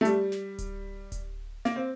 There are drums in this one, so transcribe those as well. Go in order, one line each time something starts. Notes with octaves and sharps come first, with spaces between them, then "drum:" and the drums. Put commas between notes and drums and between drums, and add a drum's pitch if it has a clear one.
A3
G3, drum: hi-hat
drum: snare
drum: kick D1, hi-hat
drum: kick D1, hi-hat
A#3, drum: snare
C4